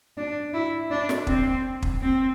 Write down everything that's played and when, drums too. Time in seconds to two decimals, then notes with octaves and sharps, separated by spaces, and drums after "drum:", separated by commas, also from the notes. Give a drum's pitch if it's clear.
0.17 D4
0.53 E4
0.91 D4
1.09 drum: snare
1.27 C4, drum: kick
1.82 drum: kick
2.01 C4